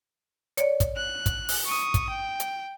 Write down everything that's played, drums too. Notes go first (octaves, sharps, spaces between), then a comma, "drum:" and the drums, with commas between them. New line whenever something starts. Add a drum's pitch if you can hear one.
C#5 D5, drum: hi-hat
drum: kick, hi-hat
F#6
drum: kick, hi-hat
drum: open hi-hat
C#6 D#6
drum: kick, hi-hat
G5
drum: hi-hat